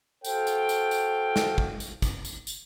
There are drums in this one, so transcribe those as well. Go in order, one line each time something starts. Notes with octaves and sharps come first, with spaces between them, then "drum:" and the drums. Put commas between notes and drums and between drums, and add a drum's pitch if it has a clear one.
F#4 A4 C5 F5 G5, drum: tambourine
drum: tambourine
drum: tambourine
drum: tambourine
drum: snare
drum: kick
drum: tambourine
drum: kick, tambourine
drum: tambourine
drum: tambourine